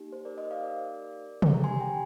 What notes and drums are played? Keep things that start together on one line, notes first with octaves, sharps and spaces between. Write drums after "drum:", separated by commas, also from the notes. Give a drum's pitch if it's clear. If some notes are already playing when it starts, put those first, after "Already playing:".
Already playing: A#3 D#4 G4
C5
A#4 D5
C5 D#5
D5 F5
A#4 D5
drum: tom
A#5
D4 G4 G#5 C6
G5 A#5